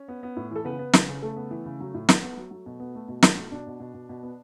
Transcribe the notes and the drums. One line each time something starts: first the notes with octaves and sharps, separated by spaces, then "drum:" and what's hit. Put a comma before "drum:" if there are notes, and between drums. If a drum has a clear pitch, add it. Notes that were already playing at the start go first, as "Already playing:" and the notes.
Already playing: C#4
B3
B3
A2
E3 A4
C#3 B3 B4
B3
C#3, drum: snare
C#3
C#3 A3 A4
B3
E3
C#3
F#3
A2
B3, drum: snare
B3
F#3
F#3
B2
B3
A3
B2
A3, drum: snare
B2
B2 D4
B2
B2
B2
B2
B3